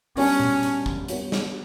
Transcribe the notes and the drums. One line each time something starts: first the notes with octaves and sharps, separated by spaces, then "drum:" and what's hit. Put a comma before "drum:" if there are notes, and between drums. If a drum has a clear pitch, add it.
G3 B3 C#4 D4 F#4 C#5, drum: open hi-hat
drum: tom A#2
drum: hi-hat
drum: kick
G3 B3 D4 F#4 C#5, drum: hi-hat
drum: snare